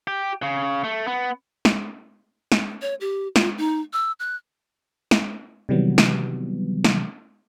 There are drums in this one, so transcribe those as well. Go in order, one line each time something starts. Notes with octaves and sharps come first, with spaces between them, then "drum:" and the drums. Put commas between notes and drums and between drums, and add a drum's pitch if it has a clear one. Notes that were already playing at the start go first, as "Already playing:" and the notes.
G4
C#3
A3
B3
drum: snare
drum: snare
C#5
G4
F4, drum: snare
D#4
E6
F#6
drum: snare
C3 D#3 E3 F#3 G3 B3
drum: snare
drum: snare